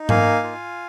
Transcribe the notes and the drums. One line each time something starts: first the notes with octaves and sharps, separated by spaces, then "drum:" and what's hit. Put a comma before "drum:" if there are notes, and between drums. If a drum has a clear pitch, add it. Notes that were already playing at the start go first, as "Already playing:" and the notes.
Already playing: D#4
A#3 F5 G#5, drum: tom G#2
F4